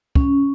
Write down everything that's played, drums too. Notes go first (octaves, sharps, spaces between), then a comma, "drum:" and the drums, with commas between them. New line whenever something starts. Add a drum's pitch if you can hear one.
C#4, drum: kick